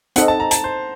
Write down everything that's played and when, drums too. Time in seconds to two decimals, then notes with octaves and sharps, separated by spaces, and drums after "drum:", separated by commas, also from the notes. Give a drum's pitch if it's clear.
0.16 C4 D#4 A4 D#5 F#5, drum: hi-hat
0.28 A5
0.40 A#5
0.51 A5, drum: hi-hat
0.64 C5